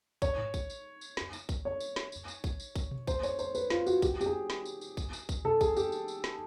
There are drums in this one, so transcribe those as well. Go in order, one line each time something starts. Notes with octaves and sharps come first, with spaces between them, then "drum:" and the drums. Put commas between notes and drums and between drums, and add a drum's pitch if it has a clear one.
C#5, drum: kick A#1, tambourine
drum: tom G#2
drum: kick A#1, tambourine
drum: tambourine
drum: tambourine
drum: snare
drum: tambourine
drum: kick A#1, tambourine
C#5
drum: tambourine
drum: snare
drum: tambourine
drum: tambourine
drum: kick A#1, tambourine
drum: tambourine
drum: kick A#1, tambourine
drum: tom B2
C5, drum: kick A#1, tambourine
C#5, drum: tambourine
C5, drum: tambourine
B4, drum: tambourine
F4, drum: snare
F#4, drum: tambourine
G4, drum: kick A#1, tambourine
G4, drum: tambourine
G#4
drum: snare
drum: tambourine
drum: tambourine
drum: kick A#1, tambourine
drum: tambourine
drum: kick A#1, tambourine
A4, drum: tom B2
G#4, drum: kick A#1, tambourine
G4, drum: tambourine
drum: tambourine
drum: tambourine
drum: snare